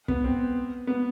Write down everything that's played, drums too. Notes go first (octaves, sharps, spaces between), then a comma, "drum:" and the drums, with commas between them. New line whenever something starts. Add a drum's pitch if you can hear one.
B3, drum: kick
C4
B3